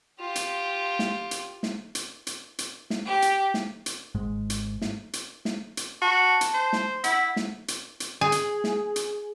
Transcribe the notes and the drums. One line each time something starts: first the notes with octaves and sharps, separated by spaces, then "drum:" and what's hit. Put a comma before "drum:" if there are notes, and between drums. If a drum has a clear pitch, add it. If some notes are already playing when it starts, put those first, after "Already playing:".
F4 G4
drum: hi-hat
drum: snare
drum: hi-hat
drum: snare
drum: hi-hat
drum: hi-hat
drum: hi-hat
drum: snare
G4
drum: hi-hat
drum: snare
drum: hi-hat
G#1 G#2 G#3
drum: hi-hat
drum: snare
drum: hi-hat
drum: snare
drum: hi-hat
F#4 A5
drum: hi-hat
C5
drum: snare
E4 F#5, drum: hi-hat
drum: snare
drum: hi-hat
drum: hi-hat
G#4
drum: hi-hat
drum: snare
drum: hi-hat